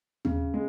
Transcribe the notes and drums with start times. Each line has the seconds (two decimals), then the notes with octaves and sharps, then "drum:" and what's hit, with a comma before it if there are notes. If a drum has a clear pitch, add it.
0.25 C#3, drum: tom D#2
0.54 G#3